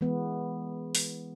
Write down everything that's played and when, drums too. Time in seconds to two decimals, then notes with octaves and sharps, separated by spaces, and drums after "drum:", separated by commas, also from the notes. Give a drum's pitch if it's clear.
0.01 E3 G#3 B3
0.95 drum: open hi-hat